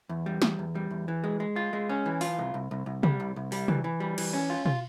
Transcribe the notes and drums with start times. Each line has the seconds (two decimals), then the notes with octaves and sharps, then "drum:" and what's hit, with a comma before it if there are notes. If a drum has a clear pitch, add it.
0.09 E2
0.26 G3
0.42 E2, drum: snare
0.59 E2
0.75 G3
0.91 E2
1.08 E3
1.24 G#3
1.40 G#3
1.56 F4
1.73 G#3
1.89 C#4
2.06 E3
2.21 F4, drum: open hi-hat
2.38 C2
2.54 C2
2.71 C2
2.86 C2
3.03 G3, drum: tom C3
3.20 C2
3.36 C2
3.52 G3, drum: open hi-hat
3.68 E3, drum: tom C3
3.84 E3
4.00 G3
4.18 E3, drum: cymbal
4.33 C#4
4.50 F4
4.66 F4, drum: tom B2